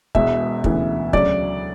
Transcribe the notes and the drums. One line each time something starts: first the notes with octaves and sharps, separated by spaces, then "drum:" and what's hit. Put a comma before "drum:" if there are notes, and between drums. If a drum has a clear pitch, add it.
E1 E2 B2 G#3 E5, drum: kick
D2 C#3 E3 B3, drum: kick
D2 C#3 F#3 D5, drum: kick